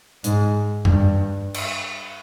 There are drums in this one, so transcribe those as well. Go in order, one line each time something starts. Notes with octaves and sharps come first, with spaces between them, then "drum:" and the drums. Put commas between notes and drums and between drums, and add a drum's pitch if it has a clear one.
G#2, drum: hi-hat
G2, drum: tom F#2
drum: cymbal